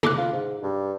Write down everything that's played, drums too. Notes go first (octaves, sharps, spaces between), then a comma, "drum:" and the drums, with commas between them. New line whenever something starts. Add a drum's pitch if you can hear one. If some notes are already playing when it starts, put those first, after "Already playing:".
A4 D6 F#6, drum: tom
F4
G#2
G2